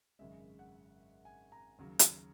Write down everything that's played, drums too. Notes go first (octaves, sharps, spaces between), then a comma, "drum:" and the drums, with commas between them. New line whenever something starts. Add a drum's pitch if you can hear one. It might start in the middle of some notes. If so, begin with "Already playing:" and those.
G#1 F#2 C#3 G#3 E5
F#5
G#5
A#5
D#2 C#3 F#3
drum: hi-hat